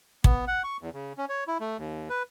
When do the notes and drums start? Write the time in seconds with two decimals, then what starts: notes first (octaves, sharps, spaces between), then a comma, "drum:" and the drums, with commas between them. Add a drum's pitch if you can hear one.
0.24 B3, drum: kick
0.48 F#5
0.64 C#6
0.81 E2
0.94 C#3
1.18 C#4
1.29 C#5
1.48 E4
1.60 A3
1.78 D#2
2.09 B4